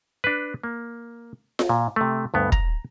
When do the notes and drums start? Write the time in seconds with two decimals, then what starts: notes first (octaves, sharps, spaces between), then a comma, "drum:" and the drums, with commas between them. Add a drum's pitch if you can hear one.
0.24 D4 B4
0.64 A#3
1.59 drum: snare F4
1.69 A#2
1.96 C3 A3
2.34 D2 G2 B3
2.52 A#5, drum: kick